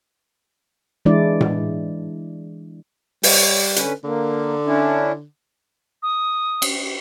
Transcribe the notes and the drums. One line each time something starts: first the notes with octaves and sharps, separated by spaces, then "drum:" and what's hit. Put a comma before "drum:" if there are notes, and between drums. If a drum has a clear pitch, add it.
E3 G#3 D4 E4 D5
drum: tom A2
G3 C#5, drum: open hi-hat
D3 C#4 B4, drum: hi-hat
D3 A#3
C#4 D4 E4
D#6
drum: cymbal